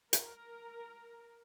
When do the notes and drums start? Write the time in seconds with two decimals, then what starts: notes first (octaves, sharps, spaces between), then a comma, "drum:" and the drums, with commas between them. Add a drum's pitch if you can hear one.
0.13 A#4, drum: hi-hat